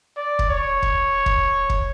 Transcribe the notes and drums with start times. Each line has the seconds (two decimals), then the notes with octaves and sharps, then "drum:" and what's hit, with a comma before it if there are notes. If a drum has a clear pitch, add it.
0.17 D5
0.39 drum: kick
0.50 C#5
0.82 drum: kick
1.26 drum: kick
1.70 drum: kick